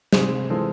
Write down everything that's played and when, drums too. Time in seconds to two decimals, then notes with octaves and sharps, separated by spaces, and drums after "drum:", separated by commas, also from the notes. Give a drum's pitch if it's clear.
0.13 C3 G#3 C4, drum: snare
0.50 E3 G#3 C4 F4 A4